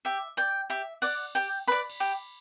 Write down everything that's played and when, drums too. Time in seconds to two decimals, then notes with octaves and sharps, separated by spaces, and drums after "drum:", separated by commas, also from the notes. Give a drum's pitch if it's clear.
0.05 G4 E5
0.37 D5 G5
0.70 G4 E5
1.02 D5 F#5, drum: cymbal
1.35 G4 G5
1.67 B4 D5 B5
1.90 drum: cymbal
2.00 G4